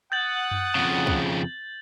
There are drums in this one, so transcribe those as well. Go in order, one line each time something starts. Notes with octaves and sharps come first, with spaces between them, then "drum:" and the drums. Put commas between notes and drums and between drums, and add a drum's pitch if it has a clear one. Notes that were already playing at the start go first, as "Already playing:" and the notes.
F#5 D#6 G6 A6 F#7
drum: tom F#2
F2 C#3
drum: kick